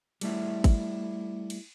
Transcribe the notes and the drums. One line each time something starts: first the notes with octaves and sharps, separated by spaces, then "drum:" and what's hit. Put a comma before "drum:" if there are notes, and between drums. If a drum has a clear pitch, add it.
G3 A3 E4, drum: cymbal
drum: kick G#1, cymbal
drum: cymbal